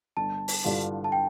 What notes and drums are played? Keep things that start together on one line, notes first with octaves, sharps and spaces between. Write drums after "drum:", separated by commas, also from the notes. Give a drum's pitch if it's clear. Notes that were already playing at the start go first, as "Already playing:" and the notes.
G1 A5
drum: open hi-hat
G2 D3 G3 F4
A5
G5